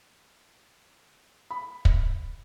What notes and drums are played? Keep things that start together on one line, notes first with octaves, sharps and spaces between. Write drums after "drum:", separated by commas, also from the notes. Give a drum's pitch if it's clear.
B5
drum: kick